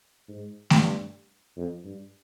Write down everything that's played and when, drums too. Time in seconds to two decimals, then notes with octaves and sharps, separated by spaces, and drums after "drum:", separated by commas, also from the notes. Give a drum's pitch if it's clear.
0.28 G#2
0.70 G2, drum: snare A3
1.56 F2
1.84 G2